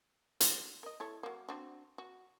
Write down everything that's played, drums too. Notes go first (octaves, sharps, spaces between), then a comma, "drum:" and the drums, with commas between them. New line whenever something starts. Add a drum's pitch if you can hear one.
F#3 D4 F4, drum: hi-hat
A#4 D#5
E4 A4 C#5
F#3 A#3
C4 D4 F#4
F#4